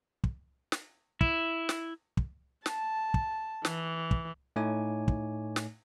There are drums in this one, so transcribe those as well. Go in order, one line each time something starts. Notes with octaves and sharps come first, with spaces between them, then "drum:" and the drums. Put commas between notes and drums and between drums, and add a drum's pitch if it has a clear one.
drum: kick
drum: snare
E4, drum: kick
drum: snare
drum: kick
A5, drum: snare
drum: kick
E3, drum: snare
drum: kick
A2 A3 D#4 C#5 G#5 D6
drum: kick
drum: snare